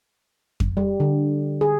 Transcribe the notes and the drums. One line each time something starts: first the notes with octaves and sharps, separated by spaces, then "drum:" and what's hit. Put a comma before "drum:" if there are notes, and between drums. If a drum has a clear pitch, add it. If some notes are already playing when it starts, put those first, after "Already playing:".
drum: kick F2
G3
D3
G#4